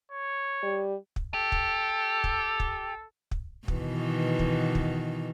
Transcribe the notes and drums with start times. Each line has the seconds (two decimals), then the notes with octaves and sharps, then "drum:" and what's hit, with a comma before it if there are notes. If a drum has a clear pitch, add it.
0.12 C#5
0.63 G3
1.16 drum: kick
1.34 G4 A4
1.52 drum: kick
2.24 drum: kick
2.60 drum: kick
3.31 drum: kick
3.68 B2 D#3 E3, drum: kick
4.39 drum: kick
4.75 drum: kick